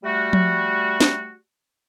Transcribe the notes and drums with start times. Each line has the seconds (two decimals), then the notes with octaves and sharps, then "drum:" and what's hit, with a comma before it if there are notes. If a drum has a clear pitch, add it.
0.04 G3 A3 F#4
0.33 drum: tom F3
1.00 drum: snare